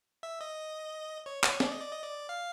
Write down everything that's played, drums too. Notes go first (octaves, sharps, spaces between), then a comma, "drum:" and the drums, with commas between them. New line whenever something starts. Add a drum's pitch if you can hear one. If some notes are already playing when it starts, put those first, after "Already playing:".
E5
D#5
C#5
C#5, drum: clap
D5, drum: snare
D#5
D5
D#5
D5
F5